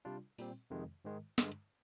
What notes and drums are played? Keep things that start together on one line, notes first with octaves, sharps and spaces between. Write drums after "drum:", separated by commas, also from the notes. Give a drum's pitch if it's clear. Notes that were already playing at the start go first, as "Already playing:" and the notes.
C3 G3 D4 F4
A#2 G3 C4, drum: open hi-hat
F2 C3 D#3 G#3
G#2 D#3 G#3
G2 D3 G#3, drum: snare
drum: hi-hat